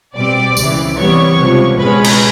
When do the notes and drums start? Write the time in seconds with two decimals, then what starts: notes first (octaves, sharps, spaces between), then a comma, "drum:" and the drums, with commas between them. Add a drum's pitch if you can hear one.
0.16 B2 G3 C4 D5 D6
0.57 C#2 C#3 E3, drum: tambourine
0.97 C3 E3 G3 B3 C#5 C#6
1.39 C#2 C3 F3
1.79 B2 G#3 C#4 B4 B5
2.04 drum: cymbal